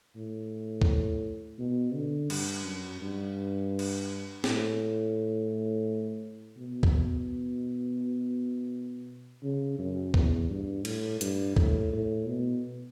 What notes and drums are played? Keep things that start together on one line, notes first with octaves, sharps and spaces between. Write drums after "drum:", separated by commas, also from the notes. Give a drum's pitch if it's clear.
A2
drum: kick D2
B2
D3
G2, drum: cymbal
F#2
G2
drum: cymbal
A2, drum: snare
B2
drum: kick D2
C#3
F#2
E2, drum: kick D2
G2
A2, drum: cymbal
G2, drum: hi-hat
A2, drum: kick D2
A2
B2